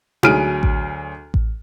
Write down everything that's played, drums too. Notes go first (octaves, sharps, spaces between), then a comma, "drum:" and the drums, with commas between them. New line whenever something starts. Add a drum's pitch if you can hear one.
D2 F#3 G#4 F6 D7 D#7, drum: tom D#4
drum: kick A1
drum: kick A1